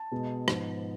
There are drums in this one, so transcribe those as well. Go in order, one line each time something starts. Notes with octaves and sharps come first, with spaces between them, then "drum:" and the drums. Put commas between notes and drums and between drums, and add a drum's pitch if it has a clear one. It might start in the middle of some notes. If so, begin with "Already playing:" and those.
Already playing: A5
B2 G#3 B3
G#2 F3 B3, drum: rim click